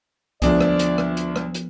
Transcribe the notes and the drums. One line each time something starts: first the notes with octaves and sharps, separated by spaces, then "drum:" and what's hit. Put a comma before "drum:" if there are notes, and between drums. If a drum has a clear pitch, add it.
D2 F3 B3 D4 G#4 D5, drum: kick C2, hi-hat
drum: rim click
drum: hi-hat
drum: rim click
drum: hi-hat
drum: rim click
drum: hi-hat